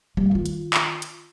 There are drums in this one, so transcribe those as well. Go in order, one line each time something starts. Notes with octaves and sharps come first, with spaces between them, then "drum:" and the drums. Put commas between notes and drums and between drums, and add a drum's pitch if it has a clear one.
G3
D#3 F4
drum: hi-hat
drum: clap
drum: hi-hat